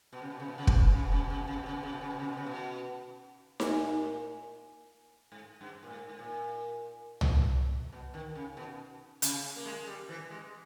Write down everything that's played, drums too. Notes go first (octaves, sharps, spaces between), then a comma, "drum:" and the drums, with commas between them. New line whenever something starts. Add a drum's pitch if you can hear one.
B2
C#3
B2
C#3
B2
C#3
B2, drum: kick
C#3
B2
C#3
B2
C#3
B2
C#3
B2
C#3
B2
C#3
B2
C#3
B2
C#3
B2
C#3
B2
C#3
B2
A#2, drum: snare D#4
G#2
G2
A#2
G#2
G#2
A#2
drum: tom
B2
D#3
C#3
B2
C#3, drum: hi-hat
A#3
G#3
G3
E3
G#3